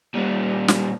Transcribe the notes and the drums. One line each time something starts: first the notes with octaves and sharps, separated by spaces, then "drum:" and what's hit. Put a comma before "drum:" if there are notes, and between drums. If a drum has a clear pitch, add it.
A#2 G3
drum: snare